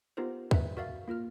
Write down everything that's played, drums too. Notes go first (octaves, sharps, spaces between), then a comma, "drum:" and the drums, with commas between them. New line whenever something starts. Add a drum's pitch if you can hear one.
B3 D#4 F4 G4 A#4 C5
D#4 B4 E5, drum: kick
F#4 A#4 D5 E5 F5
A#3 F4 A#4 F6